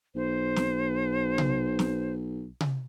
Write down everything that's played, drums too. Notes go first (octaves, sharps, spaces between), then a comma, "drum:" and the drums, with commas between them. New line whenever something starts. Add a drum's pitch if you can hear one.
B1 C5
drum: snare
drum: tom C3
drum: snare
drum: tom C3